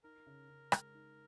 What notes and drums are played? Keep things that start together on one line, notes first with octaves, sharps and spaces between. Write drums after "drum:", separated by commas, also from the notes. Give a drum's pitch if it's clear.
D#4 A#4
C#3
C#3
G#3, drum: rim click
D#4